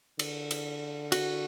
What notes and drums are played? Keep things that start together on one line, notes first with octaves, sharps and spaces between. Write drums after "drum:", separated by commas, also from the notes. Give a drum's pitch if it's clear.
D3, drum: cymbal
drum: cymbal
F#4, drum: cymbal